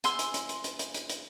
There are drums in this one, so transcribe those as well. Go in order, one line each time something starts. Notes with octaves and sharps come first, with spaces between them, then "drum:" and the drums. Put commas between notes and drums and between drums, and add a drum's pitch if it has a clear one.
G#5 C6 E6, drum: hi-hat
drum: hi-hat
drum: hi-hat
drum: hi-hat
drum: hi-hat
drum: hi-hat
drum: hi-hat
drum: hi-hat